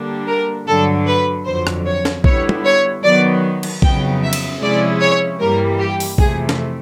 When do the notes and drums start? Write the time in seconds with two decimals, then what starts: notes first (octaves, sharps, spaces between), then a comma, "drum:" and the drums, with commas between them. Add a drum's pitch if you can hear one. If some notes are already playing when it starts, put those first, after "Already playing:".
Already playing: D3 G3 A#3 D4
0.27 A#4
0.66 G2 D3 F#3 A4
1.06 B4
1.45 F2 D3 F#3 C5
1.67 drum: rim click
1.85 C#5
2.05 drum: snare
2.24 D3 G3 B3 E4 C#5, drum: kick A#1
2.49 drum: tom
2.64 C#5
3.03 D#3 F#3 B3 D5
3.63 drum: cymbal
3.82 F2 C#3 F#3 B3 D#4 G5, drum: kick A#1
4.22 E5
4.33 drum: cymbal
4.61 C3 F3 G#3 C#4 E4 D5
5.01 C#5
5.40 G2 E3 G3 A#3 A#4
5.79 G4
6.00 drum: open hi-hat
6.18 F2 C3 E3 A3 G#4, drum: kick A#1
6.49 drum: snare